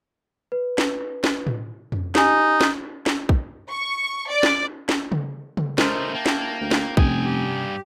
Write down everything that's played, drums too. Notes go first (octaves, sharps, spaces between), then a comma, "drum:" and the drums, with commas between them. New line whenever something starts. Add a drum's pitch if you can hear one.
B4
drum: snare
drum: snare
drum: tom A2
drum: tom F2
D#4 G4 G#5, drum: snare
drum: snare
drum: snare
drum: kick A#1
C#6
D5
drum: snare
drum: snare
drum: tom C#3
drum: tom C#3
C#3 G#3 A3 A#4 C5 D#5 F6, drum: snare
E5
A#3 G5 A5
drum: snare
D2 G5
drum: snare
F1 G2 C3 C#4 G#5 D#6, drum: kick A#1
G4